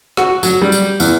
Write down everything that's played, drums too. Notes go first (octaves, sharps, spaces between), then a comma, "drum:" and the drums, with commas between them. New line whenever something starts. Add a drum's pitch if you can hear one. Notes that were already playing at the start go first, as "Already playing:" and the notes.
F#4, drum: rim click
F#3, drum: tambourine
G3
drum: tambourine
E2, drum: tambourine